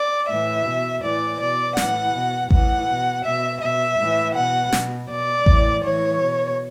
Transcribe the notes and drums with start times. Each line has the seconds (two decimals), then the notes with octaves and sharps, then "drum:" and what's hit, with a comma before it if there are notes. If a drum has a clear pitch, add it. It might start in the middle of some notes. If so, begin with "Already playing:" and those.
Already playing: D5
0.29 A2 E3 E5
0.66 B2
1.03 A2 E3 D5
1.40 B2 D5
1.77 A2 E3 F#5, drum: snare
2.13 B2
2.51 A2 E3 F#5, drum: kick A1
2.88 B2
3.25 B2 E5
3.61 B2 E5
3.99 A2 E3
4.35 B2 F#5
4.72 B2, drum: snare
5.10 B2 D5
5.46 A2 E3, drum: kick A1
5.83 A2 E3 C#5
6.20 B2